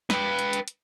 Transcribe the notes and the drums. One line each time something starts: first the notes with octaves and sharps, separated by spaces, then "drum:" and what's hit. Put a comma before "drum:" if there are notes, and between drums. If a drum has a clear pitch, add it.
B4 G5, drum: snare
drum: hi-hat
drum: hi-hat
drum: hi-hat